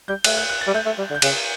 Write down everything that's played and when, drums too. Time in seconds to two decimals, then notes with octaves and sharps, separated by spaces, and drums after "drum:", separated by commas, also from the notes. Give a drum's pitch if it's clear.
0.08 G3 G6
0.24 A3 F#6, drum: cymbal
0.37 F#6
0.49 F#6
0.61 A6
0.67 G3
0.74 A3 G6
0.86 A3
0.98 G3
1.10 D3
1.15 G6
1.22 C#3 F#6, drum: cymbal